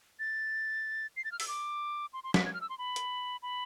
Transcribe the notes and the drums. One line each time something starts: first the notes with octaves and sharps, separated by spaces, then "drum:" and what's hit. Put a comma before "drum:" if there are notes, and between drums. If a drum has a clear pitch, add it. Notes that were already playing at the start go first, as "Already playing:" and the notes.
A6
C7
A6
F6
E6, drum: open hi-hat
D6
C6
C6
B6, drum: snare
G#6
F6
E6
C6
B5
drum: hi-hat
B5